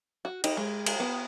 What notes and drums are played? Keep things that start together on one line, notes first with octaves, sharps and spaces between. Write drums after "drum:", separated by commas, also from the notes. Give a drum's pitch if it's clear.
F#4
D#4, drum: cymbal
G#3
drum: cymbal
B3